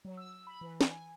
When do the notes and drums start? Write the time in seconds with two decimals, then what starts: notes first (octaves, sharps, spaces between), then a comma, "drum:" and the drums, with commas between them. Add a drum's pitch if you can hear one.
0.05 F#3
0.17 E6
0.33 E6
0.47 B5
0.61 E3
0.81 drum: snare
0.91 G#5